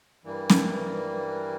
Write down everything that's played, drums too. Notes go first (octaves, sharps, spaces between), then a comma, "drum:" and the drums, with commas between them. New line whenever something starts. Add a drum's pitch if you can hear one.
G2 E3 G3 A#3
drum: snare